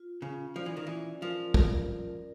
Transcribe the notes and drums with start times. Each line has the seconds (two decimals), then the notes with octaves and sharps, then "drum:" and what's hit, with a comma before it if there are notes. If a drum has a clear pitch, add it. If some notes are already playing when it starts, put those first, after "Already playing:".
Already playing: F4
0.22 C#3 C#4
0.56 F3 D5
0.66 E3
0.77 D#3
0.87 E3 C#4
1.21 F3 A#4
1.54 A#4, drum: kick
1.88 A#4